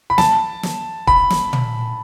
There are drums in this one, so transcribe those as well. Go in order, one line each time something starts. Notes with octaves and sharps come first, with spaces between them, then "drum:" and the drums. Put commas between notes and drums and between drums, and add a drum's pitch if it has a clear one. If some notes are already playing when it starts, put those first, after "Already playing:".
B5
A5, drum: snare
drum: snare
B5, drum: kick
drum: snare
drum: tom